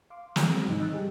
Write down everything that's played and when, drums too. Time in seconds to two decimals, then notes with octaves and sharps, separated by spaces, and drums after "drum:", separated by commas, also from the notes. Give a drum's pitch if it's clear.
0.10 F5 C6 D6
0.36 E4 F#4 G#4 C#5, drum: snare
0.48 G#3 C4 A#6
0.68 G#2 C3 D#3 E3 D#4
0.79 D#5 E6 F#6 A6
0.92 G3 G4 G#4